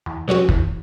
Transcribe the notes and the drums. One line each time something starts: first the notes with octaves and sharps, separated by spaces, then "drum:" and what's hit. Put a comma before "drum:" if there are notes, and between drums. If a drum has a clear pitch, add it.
E2
B2 F#3 C#4 F#4
E2, drum: kick